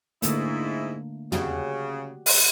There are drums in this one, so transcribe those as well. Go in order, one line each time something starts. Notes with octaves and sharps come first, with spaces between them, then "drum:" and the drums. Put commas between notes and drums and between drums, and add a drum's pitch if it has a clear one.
G#2 D3 A3 A#3 E4, drum: hi-hat
C#3 F#4 G4, drum: tom
drum: open hi-hat